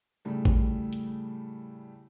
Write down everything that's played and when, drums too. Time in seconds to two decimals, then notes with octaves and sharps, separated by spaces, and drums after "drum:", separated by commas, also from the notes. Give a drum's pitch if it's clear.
0.25 A2 C#3 G3 A3
0.45 drum: kick A1
0.93 drum: hi-hat